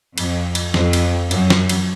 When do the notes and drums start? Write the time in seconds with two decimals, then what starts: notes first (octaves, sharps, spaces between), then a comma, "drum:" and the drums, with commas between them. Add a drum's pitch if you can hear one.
0.18 F2, drum: cymbal
0.55 drum: cymbal
0.74 F2, drum: snare
0.93 drum: cymbal
1.31 F#2, drum: cymbal
1.50 drum: snare
1.69 drum: cymbal